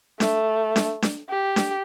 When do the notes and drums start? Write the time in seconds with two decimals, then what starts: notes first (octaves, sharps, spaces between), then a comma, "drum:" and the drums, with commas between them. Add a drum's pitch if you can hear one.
0.20 A3, drum: snare D4
0.76 drum: snare D4
1.02 drum: snare D4
1.29 G4
1.56 drum: snare D4